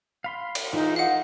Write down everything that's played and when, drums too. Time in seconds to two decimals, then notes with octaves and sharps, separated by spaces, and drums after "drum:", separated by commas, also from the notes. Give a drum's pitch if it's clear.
0.24 F5 B5 C6
0.55 drum: cymbal
0.73 E3 D#4 F4 G#4
0.96 D#5 F5 F#5